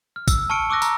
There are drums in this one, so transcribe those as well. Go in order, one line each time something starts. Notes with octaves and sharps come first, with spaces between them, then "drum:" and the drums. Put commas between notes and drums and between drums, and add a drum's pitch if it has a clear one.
F6
E6, drum: kick, tambourine
A5 C#6 F6 C#7 D7
C#6 D6 E6 F#6 A#6
A#5, drum: tambourine